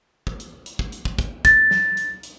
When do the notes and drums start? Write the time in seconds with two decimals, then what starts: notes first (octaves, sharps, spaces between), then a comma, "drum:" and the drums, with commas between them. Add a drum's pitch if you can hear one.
0.27 drum: kick
0.40 drum: hi-hat
0.66 drum: hi-hat
0.79 drum: kick
0.92 drum: hi-hat
1.05 drum: kick
1.19 drum: kick, hi-hat
1.45 A6, drum: kick, hi-hat
1.71 drum: snare
1.97 drum: hi-hat
2.23 drum: hi-hat